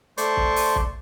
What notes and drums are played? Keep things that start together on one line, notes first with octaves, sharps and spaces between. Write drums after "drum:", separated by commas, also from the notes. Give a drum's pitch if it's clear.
A3 C5 D5 C6 C#6, drum: hi-hat
drum: kick
drum: open hi-hat
drum: kick